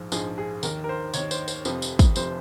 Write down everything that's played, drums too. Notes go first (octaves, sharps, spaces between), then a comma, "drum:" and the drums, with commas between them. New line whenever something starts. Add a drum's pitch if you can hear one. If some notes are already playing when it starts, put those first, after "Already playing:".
Already playing: A#1 G#2 F3
A#1 G#2 F3 G#4, drum: tambourine
G#4
D#2 D#3 A#4, drum: tambourine
A#4
C5
D#2 D#3 C#5, drum: tambourine
C5, drum: tambourine
C5, drum: tambourine
F1 F2 C3 F3, drum: tambourine
drum: tambourine
drum: kick, tambourine
F1 C3 F3 C5, drum: tambourine